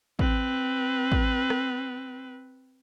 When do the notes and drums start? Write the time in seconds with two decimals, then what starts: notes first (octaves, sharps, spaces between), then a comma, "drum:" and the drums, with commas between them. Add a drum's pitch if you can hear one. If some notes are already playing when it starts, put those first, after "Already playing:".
0.19 C4 B4, drum: kick
1.12 drum: kick
1.50 drum: rim click